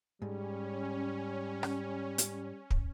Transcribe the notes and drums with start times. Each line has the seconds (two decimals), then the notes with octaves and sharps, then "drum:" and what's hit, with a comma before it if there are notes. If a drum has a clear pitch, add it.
0.22 G#2 G3 C#4
1.63 drum: rim click
2.18 drum: hi-hat
2.71 drum: kick